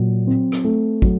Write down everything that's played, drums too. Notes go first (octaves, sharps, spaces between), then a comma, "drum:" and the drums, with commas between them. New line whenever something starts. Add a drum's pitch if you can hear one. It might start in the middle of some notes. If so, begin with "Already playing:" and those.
Already playing: A#2 F#3
C4
drum: rim click
A3
F#3, drum: kick